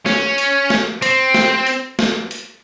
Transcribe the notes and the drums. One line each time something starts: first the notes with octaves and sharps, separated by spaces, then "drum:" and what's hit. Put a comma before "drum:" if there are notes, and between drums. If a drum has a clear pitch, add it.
C#4, drum: snare
drum: hi-hat
drum: snare
C4, drum: hi-hat
drum: snare
drum: hi-hat
drum: snare
drum: hi-hat